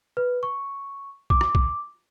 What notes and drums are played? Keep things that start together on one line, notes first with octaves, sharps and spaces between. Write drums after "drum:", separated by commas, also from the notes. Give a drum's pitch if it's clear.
B4
C#6
D6, drum: kick
drum: rim click
drum: kick